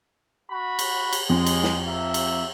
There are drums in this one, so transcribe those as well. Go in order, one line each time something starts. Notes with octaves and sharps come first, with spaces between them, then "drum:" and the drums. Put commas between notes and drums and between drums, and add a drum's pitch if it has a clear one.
F#4 B5
drum: cymbal
drum: cymbal
F2 G#3
drum: cymbal
drum: snare
A#3 E5
drum: cymbal